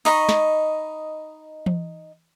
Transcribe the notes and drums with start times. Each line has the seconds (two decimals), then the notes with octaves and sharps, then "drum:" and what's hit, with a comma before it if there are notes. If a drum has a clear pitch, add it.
0.05 D#4 D#5 B5 C#6, drum: cymbal
0.29 drum: snare
1.66 drum: tom E3